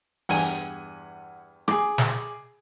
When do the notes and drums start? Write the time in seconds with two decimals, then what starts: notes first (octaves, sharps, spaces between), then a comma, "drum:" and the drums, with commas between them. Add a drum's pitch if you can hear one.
0.29 E2 G2 F#5 G#5 D#7, drum: open hi-hat
1.68 G#4 D6, drum: rim click
1.98 drum: snare